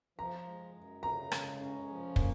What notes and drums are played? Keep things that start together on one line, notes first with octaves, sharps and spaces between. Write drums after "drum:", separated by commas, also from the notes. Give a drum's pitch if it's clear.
F3 A#5
G#3
F#2
C#3 A#5
G#3, drum: rim click
C#4
F3
A#3, drum: kick